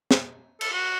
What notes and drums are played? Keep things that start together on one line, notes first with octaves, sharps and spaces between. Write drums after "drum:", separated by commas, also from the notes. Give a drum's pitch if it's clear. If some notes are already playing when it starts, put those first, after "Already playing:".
drum: snare
A4, drum: cymbal
F#4